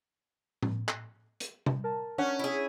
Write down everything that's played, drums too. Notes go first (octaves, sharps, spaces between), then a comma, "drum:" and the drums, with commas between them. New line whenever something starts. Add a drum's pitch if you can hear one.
drum: tom A2
drum: clap
drum: hi-hat
drum: tom C3
A#4 A5
C#4 D4 C#5 F#5
E4 G#4